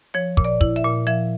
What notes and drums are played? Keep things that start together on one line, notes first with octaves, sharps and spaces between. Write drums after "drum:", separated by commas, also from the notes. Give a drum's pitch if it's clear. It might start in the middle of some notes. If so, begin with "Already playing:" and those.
F3 C#5
A#2, drum: kick
D5
E4, drum: kick
E5
A#2
F3 E5